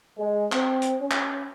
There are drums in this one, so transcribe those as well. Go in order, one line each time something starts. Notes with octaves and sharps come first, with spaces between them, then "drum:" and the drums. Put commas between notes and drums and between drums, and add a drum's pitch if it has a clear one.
G#3
C4, drum: clap
drum: hi-hat
C#4
drum: clap